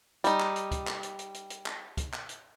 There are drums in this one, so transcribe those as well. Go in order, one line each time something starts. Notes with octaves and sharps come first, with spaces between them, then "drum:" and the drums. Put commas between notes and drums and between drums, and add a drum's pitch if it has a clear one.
G3 D#4, drum: hi-hat
drum: clap
drum: hi-hat
drum: kick, hi-hat
drum: clap
drum: hi-hat
drum: hi-hat
drum: hi-hat
drum: hi-hat
drum: clap
drum: kick, hi-hat
drum: clap
drum: hi-hat